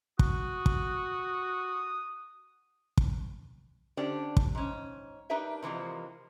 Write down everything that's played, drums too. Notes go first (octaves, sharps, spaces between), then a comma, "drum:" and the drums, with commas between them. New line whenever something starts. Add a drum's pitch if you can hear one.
F#4 D#6, drum: kick
drum: kick
drum: kick
D3 C#4 D4 G4 C5 D5
drum: kick
G#2 C#4
D4 D#4 G4 A#4 B4 E5
C3 E3 F3 G#3 A#3